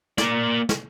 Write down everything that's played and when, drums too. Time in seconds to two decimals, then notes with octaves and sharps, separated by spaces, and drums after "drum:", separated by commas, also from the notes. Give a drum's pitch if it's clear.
0.18 A#3 D5, drum: snare
0.69 drum: snare